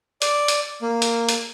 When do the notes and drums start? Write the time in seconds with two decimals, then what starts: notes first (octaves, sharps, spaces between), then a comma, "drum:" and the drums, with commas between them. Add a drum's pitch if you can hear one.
0.22 D5, drum: hi-hat
0.48 drum: hi-hat
0.82 A#3
1.02 drum: hi-hat
1.29 drum: hi-hat